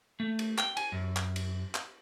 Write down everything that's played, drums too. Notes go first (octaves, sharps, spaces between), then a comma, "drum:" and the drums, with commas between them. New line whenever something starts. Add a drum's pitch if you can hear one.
A3
drum: cymbal
G5, drum: clap
G#5, drum: cymbal
F#2
drum: clap
drum: cymbal
drum: clap